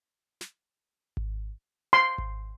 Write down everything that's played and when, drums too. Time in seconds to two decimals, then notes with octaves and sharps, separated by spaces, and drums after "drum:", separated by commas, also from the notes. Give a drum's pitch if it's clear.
0.41 drum: snare
1.17 drum: kick G#1
1.93 C6
2.18 drum: kick G#1